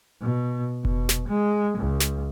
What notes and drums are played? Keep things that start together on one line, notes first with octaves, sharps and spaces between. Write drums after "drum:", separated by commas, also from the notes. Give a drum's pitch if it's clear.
B2
B2, drum: kick F1
drum: snare
G#3
C#2
drum: snare